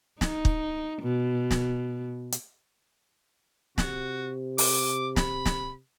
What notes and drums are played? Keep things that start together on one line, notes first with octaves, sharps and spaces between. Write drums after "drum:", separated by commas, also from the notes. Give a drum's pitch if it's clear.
D#4, drum: snare
drum: kick
B2
drum: snare
drum: hi-hat
C3 F#4, drum: snare
D6, drum: open hi-hat
B5, drum: snare
drum: snare